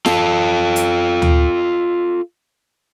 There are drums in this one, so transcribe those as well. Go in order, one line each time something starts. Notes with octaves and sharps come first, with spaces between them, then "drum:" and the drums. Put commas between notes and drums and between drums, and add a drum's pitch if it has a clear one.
F4 A4, drum: snare
drum: hi-hat
drum: tom D2